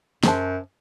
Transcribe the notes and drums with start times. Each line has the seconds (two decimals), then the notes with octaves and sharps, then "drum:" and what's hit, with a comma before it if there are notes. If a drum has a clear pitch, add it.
0.24 F#2 C#3 C5 A5, drum: snare